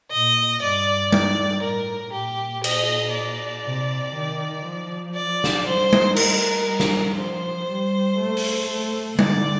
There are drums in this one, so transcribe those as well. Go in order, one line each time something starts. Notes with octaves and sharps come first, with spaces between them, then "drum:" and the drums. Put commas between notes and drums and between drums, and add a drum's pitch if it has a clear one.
A#2 D#5
G2 D5
D5, drum: tom G3
A2 A#4
A#2 G4
D#5, drum: cymbal
D5
C3
D#3
F3
D5
drum: snare
G3 C5
drum: tom G3
A3 A#4, drum: cymbal
G3
drum: snare
F3 C5
G3
A3
drum: open hi-hat
A3
D3 D5, drum: tom G3